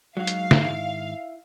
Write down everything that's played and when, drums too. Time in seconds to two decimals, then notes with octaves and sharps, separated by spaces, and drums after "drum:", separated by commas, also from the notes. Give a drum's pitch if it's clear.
0.17 F#3 G#3 D#4 F#4 F5
0.27 drum: hi-hat
0.51 G#2 D#3 E4, drum: snare